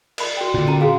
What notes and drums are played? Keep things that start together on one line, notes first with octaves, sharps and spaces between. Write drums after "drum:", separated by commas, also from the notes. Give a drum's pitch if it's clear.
D5 B5, drum: cymbal
F#4 G5
A#2 D3
C#4 A#5
F#4 G#4 F5